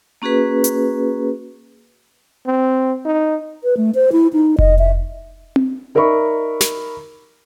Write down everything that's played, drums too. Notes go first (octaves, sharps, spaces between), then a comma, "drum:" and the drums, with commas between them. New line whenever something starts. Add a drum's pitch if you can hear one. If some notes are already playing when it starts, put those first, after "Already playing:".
A#3 C#4 F#4 G#4 B4
drum: hi-hat
C4
D#4
B4
A3
C5
E4
D#4
D#5, drum: kick F1
E5
drum: tom C4
D#4 A#4 D5 E5 B5 C#6
drum: snare